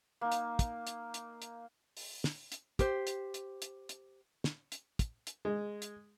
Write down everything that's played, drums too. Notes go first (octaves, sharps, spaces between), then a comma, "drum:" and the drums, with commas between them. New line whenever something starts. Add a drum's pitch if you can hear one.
A#3 D#4
drum: hi-hat
drum: kick, hi-hat
drum: hi-hat
drum: hi-hat
drum: hi-hat
drum: open hi-hat
drum: snare
drum: hi-hat
G4 C5, drum: kick, hi-hat
drum: hi-hat
drum: hi-hat
drum: hi-hat
drum: hi-hat
drum: snare
drum: hi-hat
drum: kick, hi-hat
drum: hi-hat
G#3
drum: hi-hat